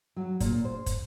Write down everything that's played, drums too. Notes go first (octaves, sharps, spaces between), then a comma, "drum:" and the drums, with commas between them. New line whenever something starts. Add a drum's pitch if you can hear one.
F#3
A#2, drum: kick, hi-hat
C5
drum: kick, hi-hat